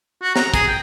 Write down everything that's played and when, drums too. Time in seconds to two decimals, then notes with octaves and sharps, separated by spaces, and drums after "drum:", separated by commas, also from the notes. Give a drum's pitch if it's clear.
0.22 F#4
0.36 A#5, drum: snare
0.54 G#4, drum: kick, hi-hat
0.68 G5